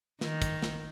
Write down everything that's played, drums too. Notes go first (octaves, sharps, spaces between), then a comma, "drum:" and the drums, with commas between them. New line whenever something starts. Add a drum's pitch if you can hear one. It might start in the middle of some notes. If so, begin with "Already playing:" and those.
D#3, drum: snare
drum: kick, hi-hat
drum: snare